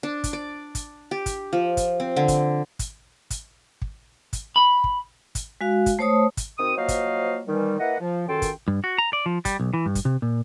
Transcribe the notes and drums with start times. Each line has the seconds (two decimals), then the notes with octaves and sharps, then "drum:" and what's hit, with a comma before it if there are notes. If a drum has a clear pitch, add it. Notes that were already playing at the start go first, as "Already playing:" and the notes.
0.03 D4
0.24 drum: kick, hi-hat
0.33 D5
0.75 drum: kick, hi-hat
1.11 G4
1.26 drum: kick, hi-hat
1.53 F3
1.77 drum: kick, hi-hat
2.00 C4
2.16 D3
2.28 drum: kick, hi-hat
2.79 drum: kick, hi-hat
3.30 drum: kick, hi-hat
3.82 drum: kick
4.33 drum: kick, hi-hat
4.56 B5
4.84 drum: kick
5.35 drum: kick, hi-hat
5.61 G#3 F#4 F5
5.86 drum: kick, hi-hat
5.99 A3 C5 C#5 A5 D#6
6.37 drum: kick, hi-hat
6.59 D#3 C4 F#4 D#6
6.77 F3 F#3 A#3 C5 D#5 F5
6.88 drum: kick, hi-hat
7.47 D#3 E3 G3
7.79 A#3 E4 B4 D#5 F#5
7.99 F3
8.28 C#2 F#2 D#3 A4 G5 C6
8.42 drum: kick, hi-hat
8.68 G2
8.84 F#4
8.98 A#5
9.13 D5
9.26 F3
9.45 G3, drum: kick, hi-hat
9.60 B1
9.74 E3
9.86 G2
9.95 drum: kick, hi-hat
10.05 C3
10.22 A#2